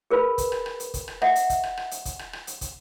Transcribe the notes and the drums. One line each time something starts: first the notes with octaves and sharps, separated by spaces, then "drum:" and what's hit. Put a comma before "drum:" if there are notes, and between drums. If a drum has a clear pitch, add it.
G#4 A#4 B4 B5
drum: kick, hi-hat
drum: rim click
drum: rim click
drum: hi-hat
drum: kick, hi-hat
drum: rim click
D#5 E5 F#5, drum: rim click
drum: hi-hat
drum: kick, hi-hat
drum: rim click
drum: rim click
drum: hi-hat
drum: kick, hi-hat
drum: rim click
drum: rim click
drum: hi-hat
drum: kick, hi-hat